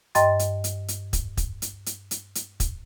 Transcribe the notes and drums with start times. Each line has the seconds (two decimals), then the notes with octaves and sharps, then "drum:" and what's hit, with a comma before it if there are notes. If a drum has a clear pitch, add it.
0.15 G2 D#5 G5 A5 C6 A6, drum: hi-hat
0.39 drum: hi-hat
0.64 drum: hi-hat
0.88 drum: hi-hat
1.13 drum: kick, hi-hat
1.37 drum: kick, hi-hat
1.62 drum: hi-hat
1.86 drum: hi-hat
2.11 drum: hi-hat
2.35 drum: hi-hat
2.60 drum: kick, hi-hat